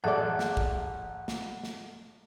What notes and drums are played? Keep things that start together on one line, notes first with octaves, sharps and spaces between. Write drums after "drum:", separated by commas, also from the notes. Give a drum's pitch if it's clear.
A1 G#4 A4 D5 F#5 A5 F#6
drum: snare
drum: kick
drum: snare
drum: snare